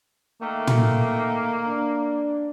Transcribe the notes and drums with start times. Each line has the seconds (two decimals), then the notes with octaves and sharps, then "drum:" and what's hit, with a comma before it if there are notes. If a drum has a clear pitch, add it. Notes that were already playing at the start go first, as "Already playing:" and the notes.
0.41 D#3 A3 A#3
0.67 drum: tom
1.66 D4